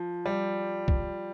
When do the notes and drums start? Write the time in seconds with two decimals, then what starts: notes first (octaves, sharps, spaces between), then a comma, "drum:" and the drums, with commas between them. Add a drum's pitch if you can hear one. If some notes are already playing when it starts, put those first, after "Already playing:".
Already playing: F3
0.26 G3
0.88 drum: kick